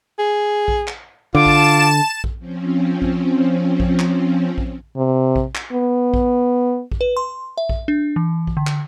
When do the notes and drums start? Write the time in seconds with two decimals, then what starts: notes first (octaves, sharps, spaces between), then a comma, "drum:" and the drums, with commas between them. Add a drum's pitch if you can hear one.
0.19 G#4
0.68 drum: kick A#1
0.87 drum: clap
1.35 D3 F4 A5 D6 E7
1.46 drum: kick A#1
2.24 drum: kick A#1
2.39 F3 C4 C#4
3.02 drum: kick A#1
3.80 drum: kick A#1
3.99 drum: clap
4.58 drum: kick A#1
4.97 C3
5.36 drum: kick A#1
5.55 drum: clap
5.72 B3
6.14 drum: kick A#1
6.92 drum: kick A#1
7.01 B4
7.17 C6
7.58 E5
7.69 drum: kick A#1
7.88 D4
8.16 E3
8.47 drum: kick A#1
8.57 D3
8.67 drum: clap